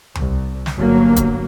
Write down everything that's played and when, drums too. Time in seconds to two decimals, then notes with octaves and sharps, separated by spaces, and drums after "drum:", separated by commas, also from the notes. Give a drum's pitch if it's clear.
0.15 C2, drum: tom D2
0.66 drum: snare
0.76 G1 F#3 A#3
1.16 drum: kick, hi-hat